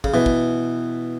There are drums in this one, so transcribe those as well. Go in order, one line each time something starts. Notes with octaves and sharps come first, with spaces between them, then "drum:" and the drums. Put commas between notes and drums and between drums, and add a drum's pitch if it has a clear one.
C#3, drum: kick
B2 E3
drum: kick